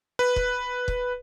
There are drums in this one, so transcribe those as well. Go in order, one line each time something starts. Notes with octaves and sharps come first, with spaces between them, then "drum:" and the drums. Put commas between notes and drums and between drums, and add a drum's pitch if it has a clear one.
B4
drum: kick
drum: kick